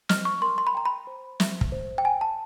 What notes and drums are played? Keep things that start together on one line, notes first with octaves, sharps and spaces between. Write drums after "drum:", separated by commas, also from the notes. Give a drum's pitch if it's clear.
D#5 F6, drum: snare
C#6
A#4 C6
C6
B5
G5 A#5
B5
C5
E5, drum: snare
drum: kick
C5
G5
F#5 G#5
A5